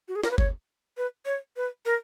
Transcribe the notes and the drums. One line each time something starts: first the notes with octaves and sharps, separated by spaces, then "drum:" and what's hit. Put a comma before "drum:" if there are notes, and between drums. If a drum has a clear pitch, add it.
F#4
G#4
A#4, drum: snare
B4
C#5, drum: kick F#1
B4
C#5
B4
A#4